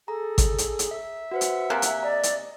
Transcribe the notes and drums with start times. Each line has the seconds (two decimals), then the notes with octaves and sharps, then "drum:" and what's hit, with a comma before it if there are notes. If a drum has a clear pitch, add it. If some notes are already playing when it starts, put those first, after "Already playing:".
0.08 G#4 A4 A#5
0.38 drum: kick G#1, hi-hat
0.58 drum: hi-hat
0.79 drum: hi-hat
0.91 E5
1.31 F#4 B4 C5 F#5
1.41 drum: hi-hat
1.70 C3 A#3 G#5 F#6
1.82 drum: hi-hat
2.03 D5 D#5 A#5
2.23 drum: hi-hat